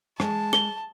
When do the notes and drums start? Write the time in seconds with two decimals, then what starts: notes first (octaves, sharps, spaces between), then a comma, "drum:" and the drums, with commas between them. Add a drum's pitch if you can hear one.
0.20 G#3 A5, drum: rim click
0.53 G7, drum: rim click